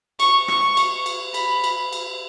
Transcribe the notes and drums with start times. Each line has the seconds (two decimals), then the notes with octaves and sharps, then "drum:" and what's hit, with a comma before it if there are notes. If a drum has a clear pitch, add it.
0.20 C#6, drum: cymbal
0.48 C#6, drum: rim click
0.77 drum: cymbal
1.06 drum: cymbal
1.34 B5, drum: cymbal
1.64 drum: cymbal
1.93 drum: cymbal